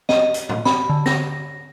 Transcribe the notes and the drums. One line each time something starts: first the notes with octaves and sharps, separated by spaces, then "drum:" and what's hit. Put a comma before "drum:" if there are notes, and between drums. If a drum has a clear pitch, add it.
D#5, drum: snare
drum: hi-hat
drum: tom A2
B5, drum: snare
D3
A#6, drum: snare